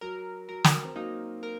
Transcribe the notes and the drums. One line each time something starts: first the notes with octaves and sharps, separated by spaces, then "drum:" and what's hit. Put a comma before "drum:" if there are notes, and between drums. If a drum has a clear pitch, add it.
F#3 A#4
F#3 A#4
drum: snare
C4
F#3 A#3 D#4
A#4